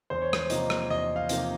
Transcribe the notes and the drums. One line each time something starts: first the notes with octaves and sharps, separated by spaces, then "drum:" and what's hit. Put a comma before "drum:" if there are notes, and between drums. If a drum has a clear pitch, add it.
E2 C5
C#5
C5, drum: rim click
C3 F3 A#3 D#4 D#5, drum: hi-hat
drum: rim click
E2 D#5
F5
C3 F3 A#3 D#4, drum: hi-hat